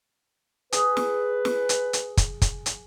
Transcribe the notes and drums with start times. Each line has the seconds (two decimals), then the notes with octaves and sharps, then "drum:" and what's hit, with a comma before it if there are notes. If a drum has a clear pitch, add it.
0.72 G#4 B4, drum: hi-hat
0.97 drum: snare
1.45 drum: snare
1.69 drum: hi-hat
1.93 drum: hi-hat
2.17 drum: kick, hi-hat
2.42 drum: kick, hi-hat
2.66 drum: hi-hat